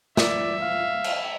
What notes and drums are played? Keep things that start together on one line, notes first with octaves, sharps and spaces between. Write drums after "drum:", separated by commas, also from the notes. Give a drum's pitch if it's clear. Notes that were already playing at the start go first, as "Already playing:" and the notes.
D5 E5, drum: snare
F5
drum: cymbal